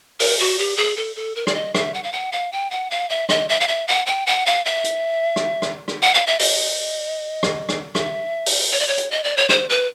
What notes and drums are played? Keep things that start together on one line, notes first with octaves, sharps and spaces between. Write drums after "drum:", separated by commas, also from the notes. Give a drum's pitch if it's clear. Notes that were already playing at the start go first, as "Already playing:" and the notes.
A#4, drum: open hi-hat
F#4
G4
G#4
A4
A4
A#4
D5, drum: rim click
D#5
E5, drum: rim click
F#5
F5
F#5
F5
G5
F#5
F5
E5
D#5, drum: rim click
E5
F5
E5
F#5
G5
F#5
F5
E5
drum: hi-hat
drum: rim click
drum: rim click
drum: rim click
F#5
F5
E5
D#5, drum: open hi-hat
drum: rim click
drum: rim click
E5, drum: rim click
drum: open hi-hat
C#5
D5
C#5
drum: hi-hat
D#5
D5
C#5
C5, drum: rim click
B4